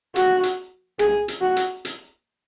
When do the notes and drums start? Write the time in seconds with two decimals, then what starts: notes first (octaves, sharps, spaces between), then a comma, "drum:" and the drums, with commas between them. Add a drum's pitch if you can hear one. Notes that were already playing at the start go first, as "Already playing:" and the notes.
0.16 F#4, drum: hi-hat
0.43 drum: hi-hat
0.99 G#4, drum: rim click
1.28 drum: hi-hat
1.42 F#4
1.56 drum: hi-hat
1.85 drum: hi-hat